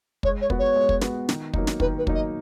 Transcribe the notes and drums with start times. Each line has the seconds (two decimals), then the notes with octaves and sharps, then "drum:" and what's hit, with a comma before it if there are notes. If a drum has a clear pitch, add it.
0.23 G#3 C#5, drum: kick
0.41 C#5
0.50 B3 F#4, drum: kick
0.58 C#5
0.76 G#3
0.89 drum: kick
1.01 B3 F#4, drum: snare
1.29 D#3, drum: snare
1.54 F#3 A#3 D#4, drum: kick
1.67 drum: snare
1.80 D#3 B4, drum: kick
1.97 B4
2.07 F#3 A#3 D#4, drum: kick
2.14 D#5